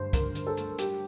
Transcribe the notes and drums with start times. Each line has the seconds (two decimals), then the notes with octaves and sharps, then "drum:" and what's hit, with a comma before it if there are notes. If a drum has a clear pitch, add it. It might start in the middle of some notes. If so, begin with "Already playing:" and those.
Already playing: G2 D3 A3 C5
0.13 D4 A#4, drum: kick, hi-hat
0.35 D3, drum: hi-hat
0.47 A4
0.57 A3, drum: hi-hat
0.79 G3 G4, drum: hi-hat